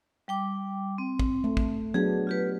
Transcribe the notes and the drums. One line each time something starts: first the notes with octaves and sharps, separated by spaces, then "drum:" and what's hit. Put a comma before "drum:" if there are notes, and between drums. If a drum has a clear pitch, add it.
G3 G5 D6
C4
drum: kick
A3
drum: kick
F#3 B3 D4 G#4
F4 G4 B4